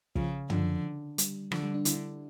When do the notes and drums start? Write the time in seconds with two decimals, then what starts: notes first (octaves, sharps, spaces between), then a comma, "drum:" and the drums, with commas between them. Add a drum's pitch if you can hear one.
0.15 C#3 F3, drum: kick
0.50 D3 F3, drum: tom
1.18 G3, drum: hi-hat
1.52 D3 F3, drum: rim click
1.63 G3
1.74 D4
1.85 D3 E4, drum: hi-hat